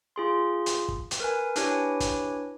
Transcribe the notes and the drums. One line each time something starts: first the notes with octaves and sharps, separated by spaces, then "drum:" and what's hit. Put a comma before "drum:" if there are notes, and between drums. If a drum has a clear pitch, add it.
F4 G#4 C6
drum: hi-hat
drum: kick
drum: hi-hat
A#4 B4 G#5
D4 E4 G4 B4 C#5 G#5, drum: hi-hat
drum: kick, hi-hat